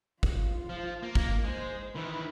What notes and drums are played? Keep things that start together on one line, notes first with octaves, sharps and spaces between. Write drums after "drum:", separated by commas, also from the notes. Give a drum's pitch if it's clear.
F4, drum: kick
F3
A#3
drum: kick
G#3 C5
D#3 E3 B4